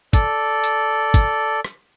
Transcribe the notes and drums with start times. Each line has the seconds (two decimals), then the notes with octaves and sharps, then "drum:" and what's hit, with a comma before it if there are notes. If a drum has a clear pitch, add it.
0.13 A4 D5, drum: kick, hi-hat
0.64 drum: hi-hat
1.14 drum: kick, hi-hat
1.65 drum: rim click